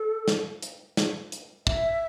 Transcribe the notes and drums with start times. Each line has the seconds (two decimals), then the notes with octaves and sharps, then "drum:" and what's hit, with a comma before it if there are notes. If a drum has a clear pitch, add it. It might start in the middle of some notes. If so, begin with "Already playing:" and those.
Already playing: A4
0.28 drum: snare
0.62 drum: hi-hat
0.97 drum: snare
1.32 drum: hi-hat
1.67 E5, drum: kick